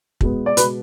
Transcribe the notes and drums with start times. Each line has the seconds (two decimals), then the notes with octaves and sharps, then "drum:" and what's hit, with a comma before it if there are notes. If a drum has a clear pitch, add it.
0.21 B2 G#3 B3, drum: kick
0.46 D5
0.57 B2 G#3 B3 B4, drum: hi-hat